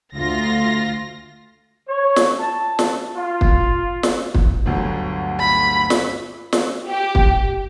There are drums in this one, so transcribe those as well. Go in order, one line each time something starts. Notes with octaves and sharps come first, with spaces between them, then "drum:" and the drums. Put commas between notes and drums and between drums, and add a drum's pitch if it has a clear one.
D2 F4 A#6
C#5
drum: snare
A5
drum: snare
F4
drum: kick
drum: snare
drum: kick
G1 D2 F#3
B5
drum: snare
drum: snare
G4
drum: kick